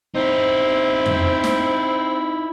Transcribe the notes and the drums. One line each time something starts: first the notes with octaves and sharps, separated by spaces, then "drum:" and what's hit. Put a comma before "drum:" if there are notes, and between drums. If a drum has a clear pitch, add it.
C4 D#4 E4
drum: tom
drum: snare